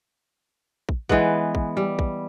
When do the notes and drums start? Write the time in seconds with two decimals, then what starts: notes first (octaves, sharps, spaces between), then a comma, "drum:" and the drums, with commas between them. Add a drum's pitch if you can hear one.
0.89 drum: kick
1.09 E3 G#3 B3, drum: kick
1.55 drum: kick
1.77 G3
1.99 drum: kick